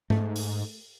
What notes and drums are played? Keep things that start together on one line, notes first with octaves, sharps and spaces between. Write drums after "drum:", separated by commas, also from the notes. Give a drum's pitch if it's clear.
G#2 A3, drum: tom G#2
drum: open hi-hat